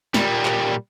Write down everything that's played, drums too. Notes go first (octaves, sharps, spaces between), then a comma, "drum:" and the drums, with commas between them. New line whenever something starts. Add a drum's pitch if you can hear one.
A#2 G3, drum: snare
drum: clap